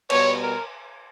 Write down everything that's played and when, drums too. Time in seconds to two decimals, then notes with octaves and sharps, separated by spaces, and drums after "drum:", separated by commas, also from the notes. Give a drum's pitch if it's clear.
0.10 B2 G3 B3 C#5, drum: cymbal
0.41 A#4